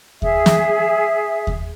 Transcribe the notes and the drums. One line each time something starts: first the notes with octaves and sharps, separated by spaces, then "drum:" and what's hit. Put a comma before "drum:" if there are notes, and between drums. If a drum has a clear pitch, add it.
G#4 E5, drum: kick D#2
drum: snare
drum: kick D#2